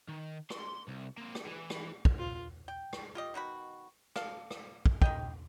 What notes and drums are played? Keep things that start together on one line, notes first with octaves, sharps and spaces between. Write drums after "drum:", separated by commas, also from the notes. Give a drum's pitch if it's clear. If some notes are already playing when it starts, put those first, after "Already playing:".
D#3
C6, drum: rim click
C2
A#3 C4
drum: rim click
E3
drum: rim click
drum: kick
F4
G5
drum: rim click
F4 G4 D#5
B2 D#3 F#4 B5
A4 F5, drum: rim click
drum: rim click
drum: kick
D#3 D#5 G5, drum: kick